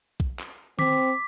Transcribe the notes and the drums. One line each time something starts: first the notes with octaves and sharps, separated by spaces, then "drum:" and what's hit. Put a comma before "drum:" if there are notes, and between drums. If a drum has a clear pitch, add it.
drum: kick
drum: clap
C4 D6 B6, drum: tom D#3